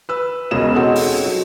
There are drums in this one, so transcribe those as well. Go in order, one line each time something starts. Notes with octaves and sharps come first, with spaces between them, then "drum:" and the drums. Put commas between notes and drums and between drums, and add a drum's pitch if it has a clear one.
B4 E6
E1 C#2 B2 C#4 D#5 E7
C4 D#4 F#4 G#4 A4 C#5
drum: open hi-hat
F#3